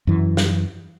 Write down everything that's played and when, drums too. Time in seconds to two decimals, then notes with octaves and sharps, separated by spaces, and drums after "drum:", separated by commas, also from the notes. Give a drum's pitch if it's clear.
0.07 F#2 E3
0.37 drum: snare